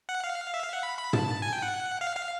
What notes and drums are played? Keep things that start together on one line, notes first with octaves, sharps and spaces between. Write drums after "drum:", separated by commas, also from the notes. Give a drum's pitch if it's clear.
F#5
F5
E5
F5
F#5
B5
B5
A5, drum: tom
G#5
G5
F#5
F5
F5